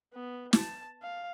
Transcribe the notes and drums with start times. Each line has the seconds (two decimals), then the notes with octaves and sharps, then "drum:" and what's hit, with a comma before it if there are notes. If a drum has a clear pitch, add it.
0.14 B3
0.53 A5, drum: snare
1.03 F5